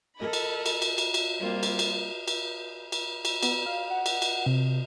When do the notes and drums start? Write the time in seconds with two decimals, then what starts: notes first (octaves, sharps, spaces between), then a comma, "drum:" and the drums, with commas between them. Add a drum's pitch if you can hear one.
0.17 A4 A#4 D#5 B5
0.33 drum: cymbal
0.66 drum: cymbal
0.82 drum: cymbal
0.98 drum: cymbal
1.14 drum: cymbal
1.38 G3 A#3 C4 F4
1.63 drum: cymbal
1.79 drum: cymbal
2.28 drum: cymbal
2.92 drum: cymbal
3.25 drum: cymbal
3.43 B3, drum: cymbal
3.66 F5
3.90 F#5
4.06 drum: cymbal
4.22 drum: cymbal
4.46 C3